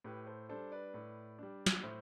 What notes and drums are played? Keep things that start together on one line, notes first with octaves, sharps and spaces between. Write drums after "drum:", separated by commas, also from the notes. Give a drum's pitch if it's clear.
A2 G4 B4
A4 C5
G3 D4 A4 C5
B4 D5
A2
G3 D4
drum: snare
A2 C5 E5